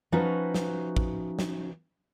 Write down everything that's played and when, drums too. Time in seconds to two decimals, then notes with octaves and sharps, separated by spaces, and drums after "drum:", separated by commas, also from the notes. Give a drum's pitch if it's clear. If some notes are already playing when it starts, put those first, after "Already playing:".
0.12 F3 C#4 D#4 F#4 B4 E5
0.54 drum: snare
0.97 drum: kick
1.39 drum: snare